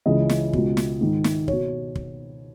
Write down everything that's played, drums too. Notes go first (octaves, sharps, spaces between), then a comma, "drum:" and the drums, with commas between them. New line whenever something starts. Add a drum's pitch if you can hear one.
C#2 C#3 E3 D#5
drum: snare
C#2 B2, drum: kick
drum: snare
G#2 D#3
drum: snare
B2 C#5, drum: kick
drum: kick